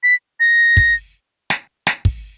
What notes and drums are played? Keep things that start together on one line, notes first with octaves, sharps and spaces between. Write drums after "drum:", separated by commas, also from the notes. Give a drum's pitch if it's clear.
B6
A#6
drum: kick
drum: snare
drum: snare
drum: kick